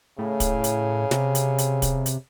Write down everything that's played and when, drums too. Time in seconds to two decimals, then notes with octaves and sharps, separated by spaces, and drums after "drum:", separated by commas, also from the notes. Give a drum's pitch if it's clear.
0.19 A2 C#3
0.40 drum: kick, hi-hat
0.64 drum: hi-hat
1.11 C3, drum: snare
1.35 drum: hi-hat
1.58 drum: hi-hat
1.82 drum: kick, hi-hat
2.06 drum: hi-hat